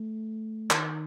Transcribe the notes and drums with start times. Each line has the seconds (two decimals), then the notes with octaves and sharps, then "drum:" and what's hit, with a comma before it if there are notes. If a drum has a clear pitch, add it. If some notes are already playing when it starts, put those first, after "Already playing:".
Already playing: A3
0.70 D#3, drum: clap